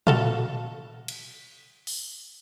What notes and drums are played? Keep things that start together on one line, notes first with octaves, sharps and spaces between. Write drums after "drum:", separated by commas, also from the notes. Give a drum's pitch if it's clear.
F#4 A4 F5, drum: tom A#2
drum: cymbal
drum: open hi-hat